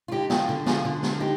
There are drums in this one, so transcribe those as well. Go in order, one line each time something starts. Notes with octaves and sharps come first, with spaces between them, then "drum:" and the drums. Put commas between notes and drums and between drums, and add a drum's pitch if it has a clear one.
F4
D3 D#4 G4
F4 G#4, drum: snare
D3
F4 G#4, drum: snare
D3
drum: snare
D#4 G4